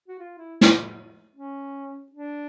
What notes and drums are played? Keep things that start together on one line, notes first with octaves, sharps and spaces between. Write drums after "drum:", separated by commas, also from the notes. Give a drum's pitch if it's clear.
F#4
F4
E4
drum: snare
C#4
D4